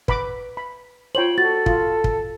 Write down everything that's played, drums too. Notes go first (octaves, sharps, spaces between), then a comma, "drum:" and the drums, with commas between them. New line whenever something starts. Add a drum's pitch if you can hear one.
B4 B5 D6, drum: kick
B5
F4 C5 C#5 G5 F#7
F#4 A4 A6
F4, drum: kick
drum: kick